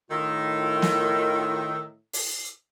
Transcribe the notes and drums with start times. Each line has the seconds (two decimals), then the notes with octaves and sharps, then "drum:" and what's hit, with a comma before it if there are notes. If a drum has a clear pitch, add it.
0.11 A2 D#3 F4 E6
0.82 drum: snare
2.13 drum: open hi-hat